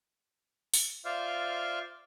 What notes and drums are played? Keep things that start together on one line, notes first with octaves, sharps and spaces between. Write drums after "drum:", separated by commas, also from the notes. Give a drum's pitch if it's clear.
drum: open hi-hat
F4 C5 D5 E5 F5 F6